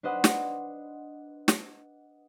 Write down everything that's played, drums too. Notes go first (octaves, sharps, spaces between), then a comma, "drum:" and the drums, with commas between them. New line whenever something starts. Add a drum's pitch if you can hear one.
D4 B4 C5 D#5 F#5
drum: snare
drum: snare